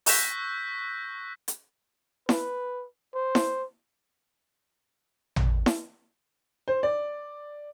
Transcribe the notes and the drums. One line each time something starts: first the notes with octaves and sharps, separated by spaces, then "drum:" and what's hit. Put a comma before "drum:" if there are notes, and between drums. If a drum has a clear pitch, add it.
C#6 E6 F#6 G6 A#6 B6, drum: open hi-hat
drum: hi-hat
B4, drum: snare E4
C5
drum: snare E4
drum: tom
drum: snare E4
C5
D5